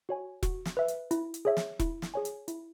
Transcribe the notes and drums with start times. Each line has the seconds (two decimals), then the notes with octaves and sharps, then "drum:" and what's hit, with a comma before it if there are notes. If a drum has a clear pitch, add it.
0.09 F#4 C#5 G#5
0.43 F#4, drum: kick E1, hi-hat
0.65 drum: snare
0.77 B4 E5
0.88 drum: hi-hat
1.11 E4, drum: hi-hat
1.34 drum: hi-hat
1.45 G#4 C#5 E5
1.57 drum: snare
1.79 E4, drum: kick E1, hi-hat
2.02 drum: snare
2.14 G#4 C#5 G#5
2.25 drum: hi-hat
2.48 E4, drum: hi-hat